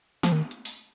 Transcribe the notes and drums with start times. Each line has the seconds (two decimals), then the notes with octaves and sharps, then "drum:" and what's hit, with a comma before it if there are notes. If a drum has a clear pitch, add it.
0.23 F3, drum: snare
0.32 D#3
0.51 drum: hi-hat
0.65 drum: open hi-hat